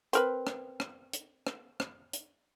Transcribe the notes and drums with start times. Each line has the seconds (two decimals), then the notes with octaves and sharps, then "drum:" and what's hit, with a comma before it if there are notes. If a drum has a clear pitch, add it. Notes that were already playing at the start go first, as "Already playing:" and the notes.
0.13 C4 A#4 B4, drum: hi-hat
0.47 drum: rim click
0.80 drum: rim click
1.13 drum: hi-hat
1.47 drum: rim click
1.80 drum: rim click
2.13 drum: hi-hat